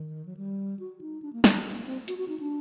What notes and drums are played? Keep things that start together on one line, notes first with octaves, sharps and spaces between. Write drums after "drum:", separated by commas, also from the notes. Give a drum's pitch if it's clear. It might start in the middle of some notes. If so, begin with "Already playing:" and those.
Already playing: D#3
F#3
G3
F#4
D#4
D4
A#3
A3, drum: snare
F#3
G3
A#3
C4
F#4, drum: hi-hat
F#4
D#4
D4